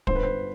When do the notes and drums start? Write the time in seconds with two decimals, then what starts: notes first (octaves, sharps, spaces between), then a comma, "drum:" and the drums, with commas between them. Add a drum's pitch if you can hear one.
0.07 G1 C5, drum: kick
0.16 B4
0.23 C5